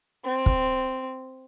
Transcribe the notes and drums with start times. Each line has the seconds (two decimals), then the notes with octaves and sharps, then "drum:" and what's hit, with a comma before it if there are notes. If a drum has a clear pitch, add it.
0.25 C4
0.46 drum: kick